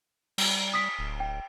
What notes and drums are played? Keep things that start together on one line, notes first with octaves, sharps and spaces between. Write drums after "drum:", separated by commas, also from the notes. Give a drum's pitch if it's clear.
G3, drum: cymbal
D#6 B6
D1
G5